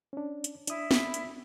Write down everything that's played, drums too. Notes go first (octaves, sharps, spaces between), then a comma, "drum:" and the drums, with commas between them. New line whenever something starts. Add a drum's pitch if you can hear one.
C#4 D4
drum: hi-hat
D4 E4 D#6, drum: hi-hat
drum: snare
drum: hi-hat